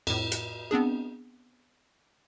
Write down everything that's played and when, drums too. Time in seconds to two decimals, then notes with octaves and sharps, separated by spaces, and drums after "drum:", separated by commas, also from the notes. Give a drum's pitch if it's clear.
0.07 F2 A2, drum: cymbal
0.32 drum: hi-hat
0.71 B3 C4 D4 G#4